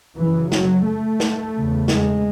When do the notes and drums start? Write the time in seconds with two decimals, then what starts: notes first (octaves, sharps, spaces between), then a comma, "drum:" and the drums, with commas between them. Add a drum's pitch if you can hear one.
0.18 F#2 C#3 E3
0.52 F#3, drum: snare
0.86 A3
1.20 drum: snare
1.53 C#3
1.58 E2
1.88 G#3, drum: snare